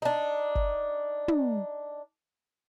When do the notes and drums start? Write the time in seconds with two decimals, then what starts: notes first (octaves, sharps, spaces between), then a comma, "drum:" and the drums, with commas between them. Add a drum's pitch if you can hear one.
0.02 D4 D#4
0.55 drum: kick G1
1.28 drum: tom